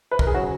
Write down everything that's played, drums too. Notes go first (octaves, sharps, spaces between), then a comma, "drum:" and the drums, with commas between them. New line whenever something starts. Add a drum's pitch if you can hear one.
B4
A#4, drum: kick
G#4
C#3 F#3 F#4